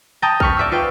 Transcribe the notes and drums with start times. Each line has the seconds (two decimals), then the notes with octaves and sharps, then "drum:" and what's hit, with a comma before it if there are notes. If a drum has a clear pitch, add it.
0.22 G5 A5 A#5 D#6 G6
0.40 B5 C#6 F6, drum: kick A#1
0.57 D5 E5 C#6 E6
0.72 F4 B4 G5